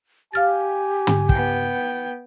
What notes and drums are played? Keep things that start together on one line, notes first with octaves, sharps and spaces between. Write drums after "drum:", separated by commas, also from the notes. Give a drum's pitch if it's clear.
G4 F5 G#5 F6 A6
drum: tom
B3 G5, drum: kick